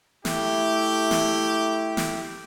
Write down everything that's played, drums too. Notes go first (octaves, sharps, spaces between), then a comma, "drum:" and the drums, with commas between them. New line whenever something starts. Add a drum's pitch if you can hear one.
A3 E4 G4, drum: snare
drum: snare
drum: snare